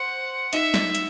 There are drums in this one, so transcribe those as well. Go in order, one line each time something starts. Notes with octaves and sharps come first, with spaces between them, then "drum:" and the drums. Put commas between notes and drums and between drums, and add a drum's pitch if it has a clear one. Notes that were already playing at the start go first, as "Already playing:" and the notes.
Already playing: C5 F#5
D#4 D#5 E5, drum: hi-hat
drum: snare
drum: hi-hat